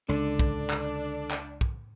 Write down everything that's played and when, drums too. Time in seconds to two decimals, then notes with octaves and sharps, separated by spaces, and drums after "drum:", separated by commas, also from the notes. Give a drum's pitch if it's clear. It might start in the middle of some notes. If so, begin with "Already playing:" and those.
0.09 C#2 D3 D4
0.39 drum: kick
0.70 drum: clap
1.31 drum: clap
1.61 drum: kick